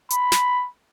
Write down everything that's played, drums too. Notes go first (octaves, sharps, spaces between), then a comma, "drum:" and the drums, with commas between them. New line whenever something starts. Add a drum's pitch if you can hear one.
B5, drum: hi-hat
drum: snare